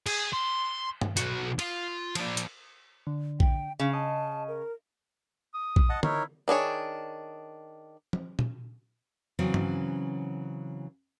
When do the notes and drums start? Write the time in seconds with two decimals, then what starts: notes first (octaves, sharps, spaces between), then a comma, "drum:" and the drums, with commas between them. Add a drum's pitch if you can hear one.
0.06 G#4, drum: cymbal
0.33 C6
1.01 drum: tom G2
1.17 B1 F#4, drum: hi-hat
1.59 F4, drum: cymbal
2.15 F3 D5, drum: cymbal
2.37 drum: hi-hat
3.07 D3
3.40 G5, drum: kick A#1
3.79 C#3 F5
3.93 D#5 A5
4.48 A#4
5.54 D#6
5.76 drum: kick A#1
5.89 D#5 F#5 A5
6.03 D#4 E4 A#4 C#5, drum: tom D3
6.48 D#3 D4 G#4 C#5
8.13 drum: tom F3
8.39 drum: tom
9.39 C#3 E3 F#3 C4 C#4
9.54 drum: tom G2